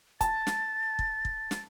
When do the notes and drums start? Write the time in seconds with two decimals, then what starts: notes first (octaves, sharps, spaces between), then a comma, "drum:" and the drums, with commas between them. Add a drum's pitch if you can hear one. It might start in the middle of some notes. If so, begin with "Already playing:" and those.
0.21 A5 A6, drum: kick, hi-hat
0.47 drum: snare
0.99 drum: kick
1.25 drum: kick
1.51 drum: snare